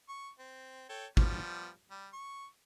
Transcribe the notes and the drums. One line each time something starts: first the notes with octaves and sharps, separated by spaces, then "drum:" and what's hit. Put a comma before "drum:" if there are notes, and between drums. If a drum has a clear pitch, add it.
C#6
C4
A4 C#5 G5
F3 G3 B3, drum: kick
G3
C#6